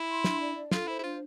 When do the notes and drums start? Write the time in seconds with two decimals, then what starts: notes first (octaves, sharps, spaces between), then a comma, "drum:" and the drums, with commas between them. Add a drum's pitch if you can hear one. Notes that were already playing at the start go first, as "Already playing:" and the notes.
Already playing: E4
0.09 C6
0.24 D4, drum: snare
0.40 D5
0.55 D4
0.72 F4 A4, drum: snare
0.87 E4 C5
0.99 E4
1.03 D4 F4